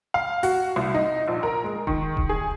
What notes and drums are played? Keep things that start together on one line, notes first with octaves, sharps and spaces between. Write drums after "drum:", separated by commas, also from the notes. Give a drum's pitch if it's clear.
F5
F#4, drum: open hi-hat
C2
D#4
A#1
A#4
G#3
D#3, drum: kick D#1
drum: kick D#1
G#4